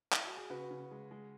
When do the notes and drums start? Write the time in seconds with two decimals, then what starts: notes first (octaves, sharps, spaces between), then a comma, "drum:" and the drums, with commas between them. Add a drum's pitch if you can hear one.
0.13 E4, drum: clap
0.25 F#4
0.37 G#4
0.50 C#3 F#4 B4
0.71 C#3
0.91 G#3
1.11 G#3